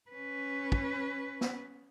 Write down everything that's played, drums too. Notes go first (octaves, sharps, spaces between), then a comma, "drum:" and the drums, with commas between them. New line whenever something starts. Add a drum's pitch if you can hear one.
C#4 B4
drum: kick
drum: snare